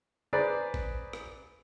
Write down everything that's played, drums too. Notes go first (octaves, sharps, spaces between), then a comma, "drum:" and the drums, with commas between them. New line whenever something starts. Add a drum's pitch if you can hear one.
G#4 B4 C5 D5 A#5
drum: kick A1
drum: rim click